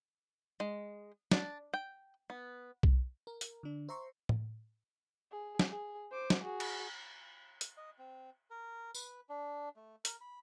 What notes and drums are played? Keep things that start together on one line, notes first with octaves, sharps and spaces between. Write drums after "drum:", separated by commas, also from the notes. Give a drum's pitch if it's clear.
G#3
D4, drum: snare
G5
B3
drum: kick B1
A#4
drum: hi-hat
D3 D4
C5 E5 A#5 C6 C#6
drum: tom A2
G#4
drum: snare
G#4
C5 D6
drum: snare
F#4 G#4
drum: cymbal
drum: hi-hat
D#5
C4
A#4
B4, drum: tambourine
D4
A3
A#4, drum: hi-hat
B5